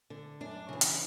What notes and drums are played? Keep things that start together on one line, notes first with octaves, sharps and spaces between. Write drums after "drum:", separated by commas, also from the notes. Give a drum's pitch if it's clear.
D3
F#2 D4
C#3 E3
drum: hi-hat